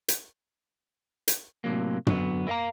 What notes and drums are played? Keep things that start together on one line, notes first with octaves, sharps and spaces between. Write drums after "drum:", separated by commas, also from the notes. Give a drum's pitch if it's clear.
drum: hi-hat
drum: hi-hat
A2 C3 F#3 A#3
D3 F#3 B3, drum: tom
E4 A#4 D#5 F5 A#5